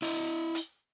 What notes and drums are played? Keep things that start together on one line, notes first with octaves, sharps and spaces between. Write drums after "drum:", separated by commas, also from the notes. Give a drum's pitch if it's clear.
E4 D#5, drum: open hi-hat
drum: hi-hat